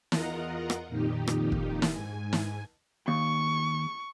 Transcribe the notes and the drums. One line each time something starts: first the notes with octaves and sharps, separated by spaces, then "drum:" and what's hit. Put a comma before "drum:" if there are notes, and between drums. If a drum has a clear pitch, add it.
E2 F4 A#4 D#5 F#5 A#5, drum: snare
drum: rim click
F2 A#2 D#3 D#4 G4
drum: rim click
drum: kick
drum: snare
G#2 G#5
drum: snare
D#2 C#6